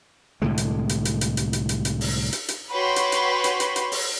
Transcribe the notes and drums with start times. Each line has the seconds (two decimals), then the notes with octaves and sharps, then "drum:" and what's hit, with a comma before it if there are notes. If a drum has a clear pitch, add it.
0.42 C2 A2 D3 G#3
0.58 drum: hi-hat
0.89 drum: hi-hat
1.05 drum: hi-hat
1.21 drum: hi-hat
1.37 drum: hi-hat
1.53 drum: hi-hat
1.69 drum: hi-hat
1.85 drum: hi-hat
2.01 drum: open hi-hat
2.33 drum: hi-hat
2.48 drum: hi-hat
2.72 F#4 B4 C#5 G5 B5 C6
2.96 drum: hi-hat
3.12 drum: hi-hat
3.44 drum: hi-hat
3.60 drum: hi-hat
3.76 drum: hi-hat
3.92 drum: open hi-hat